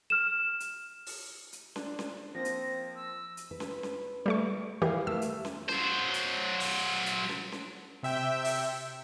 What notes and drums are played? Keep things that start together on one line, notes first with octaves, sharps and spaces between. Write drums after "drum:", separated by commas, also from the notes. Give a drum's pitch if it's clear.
F6 E7
drum: hi-hat
drum: open hi-hat
drum: hi-hat
D4, drum: snare C#4
drum: snare C#4
F3 A#3 C4 A#6
drum: hi-hat
E6
drum: hi-hat
B4
drum: snare C#4
drum: snare C#4
G3 A3 C#6
E3 G4 A#4 B4 F5
A3 E6
drum: hi-hat
drum: snare C#4
F#3 C5, drum: snare C#4
drum: hi-hat
drum: open hi-hat
drum: hi-hat
drum: snare C#4
drum: snare C#4
C3 E5 G5
drum: open hi-hat